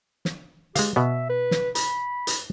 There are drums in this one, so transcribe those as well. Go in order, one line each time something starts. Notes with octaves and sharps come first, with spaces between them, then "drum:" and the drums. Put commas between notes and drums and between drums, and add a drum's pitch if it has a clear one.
drum: snare
G#3 G4 F5, drum: hi-hat
B2 B3 E5
B4
drum: snare
B5, drum: hi-hat
drum: hi-hat